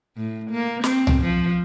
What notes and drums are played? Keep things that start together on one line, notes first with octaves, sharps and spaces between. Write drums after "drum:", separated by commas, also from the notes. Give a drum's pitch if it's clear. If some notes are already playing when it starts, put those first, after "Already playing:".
A2
A#3
C4, drum: snare
drum: tom C2
F3